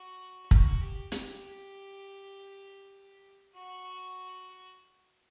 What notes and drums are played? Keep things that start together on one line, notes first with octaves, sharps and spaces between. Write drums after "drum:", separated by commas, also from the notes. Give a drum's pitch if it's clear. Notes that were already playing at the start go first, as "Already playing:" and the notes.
Already playing: F#4
F#4, drum: kick
G4
G4, drum: hi-hat
F#4